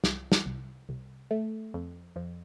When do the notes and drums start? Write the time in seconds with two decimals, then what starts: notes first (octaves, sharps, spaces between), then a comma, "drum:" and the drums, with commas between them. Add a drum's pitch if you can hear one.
0.04 C2, drum: snare
0.32 drum: snare
0.46 C2
0.89 C2
1.31 A3
1.74 F2
2.16 F2